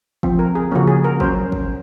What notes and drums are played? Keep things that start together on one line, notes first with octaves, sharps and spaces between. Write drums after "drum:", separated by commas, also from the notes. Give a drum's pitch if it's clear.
F3 C4, drum: kick
A#4
G#4
C#3 F3 A#3 C#4 F#4
G#4
A#4
F#3 C#4 C5, drum: kick
drum: kick